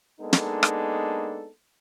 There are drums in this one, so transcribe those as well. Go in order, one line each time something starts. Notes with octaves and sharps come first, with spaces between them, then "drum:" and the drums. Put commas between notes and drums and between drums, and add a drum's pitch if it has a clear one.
G#3 A#3 B3 D4 D#4 A4
drum: snare
drum: rim click